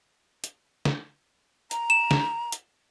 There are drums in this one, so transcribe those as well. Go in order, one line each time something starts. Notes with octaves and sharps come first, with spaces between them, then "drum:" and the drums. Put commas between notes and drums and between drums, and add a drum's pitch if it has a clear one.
drum: hi-hat
drum: snare
A#5, drum: hi-hat
E7
drum: snare
drum: hi-hat